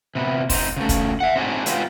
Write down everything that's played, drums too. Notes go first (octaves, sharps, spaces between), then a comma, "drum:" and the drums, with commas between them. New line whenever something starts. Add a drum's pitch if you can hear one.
C3 B3
C4 D#4, drum: kick, open hi-hat
C#3 A3
drum: kick, hi-hat
E5 F#5
C4 D4 D#4 G#4 C#5
G#3 B3 C4 F4 G4 G#4, drum: hi-hat